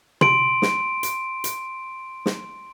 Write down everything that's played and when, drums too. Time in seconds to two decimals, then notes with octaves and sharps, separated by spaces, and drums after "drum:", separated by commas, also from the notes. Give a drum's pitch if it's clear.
0.21 C6 D7, drum: tom
0.62 drum: snare
1.03 drum: hi-hat
1.44 drum: hi-hat
2.26 drum: snare